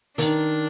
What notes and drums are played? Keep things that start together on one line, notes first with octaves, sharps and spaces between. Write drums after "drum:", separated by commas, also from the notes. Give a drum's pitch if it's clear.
D#3 D4, drum: hi-hat